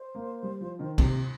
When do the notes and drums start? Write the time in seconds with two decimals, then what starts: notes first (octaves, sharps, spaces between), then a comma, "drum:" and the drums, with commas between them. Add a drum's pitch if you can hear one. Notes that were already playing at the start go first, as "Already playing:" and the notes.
Already playing: C5
0.15 A#3
0.43 G3
0.60 F3
0.79 D#3
0.98 C3, drum: kick, cymbal